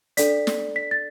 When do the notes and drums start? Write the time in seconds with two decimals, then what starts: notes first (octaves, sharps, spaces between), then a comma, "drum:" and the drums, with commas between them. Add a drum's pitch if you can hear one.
0.17 D4 A4 D5 B6, drum: hi-hat
0.47 drum: snare
0.76 B6
0.91 A6